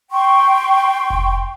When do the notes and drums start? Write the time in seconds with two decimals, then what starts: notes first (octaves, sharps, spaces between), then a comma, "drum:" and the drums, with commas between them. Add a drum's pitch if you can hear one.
0.11 G5 C6 C#6
1.10 drum: kick F1